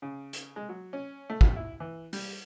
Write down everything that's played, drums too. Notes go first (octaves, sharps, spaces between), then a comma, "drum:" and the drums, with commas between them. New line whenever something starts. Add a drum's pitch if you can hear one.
C#3
drum: hi-hat
G#3
F#3
C#4
A3
drum: kick
E4
E3
G3, drum: open hi-hat